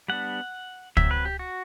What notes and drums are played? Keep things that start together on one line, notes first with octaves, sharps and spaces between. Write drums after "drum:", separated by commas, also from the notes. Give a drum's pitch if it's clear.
G3 B3 D4 F#5
F#3 C4 E5, drum: kick
B4
G4
F#4